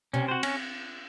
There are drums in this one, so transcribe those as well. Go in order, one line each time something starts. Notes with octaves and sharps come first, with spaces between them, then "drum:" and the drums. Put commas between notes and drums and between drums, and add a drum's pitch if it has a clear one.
C3 C#4
F#4 C5
C#4, drum: cymbal